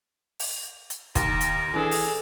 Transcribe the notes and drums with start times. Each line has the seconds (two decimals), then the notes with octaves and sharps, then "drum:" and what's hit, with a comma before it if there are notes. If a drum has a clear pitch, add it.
0.39 drum: open hi-hat
0.90 drum: hi-hat
1.15 D#2 A#4, drum: kick, hi-hat
1.41 drum: hi-hat
1.74 E3 D4 G#4 A4
1.91 drum: open hi-hat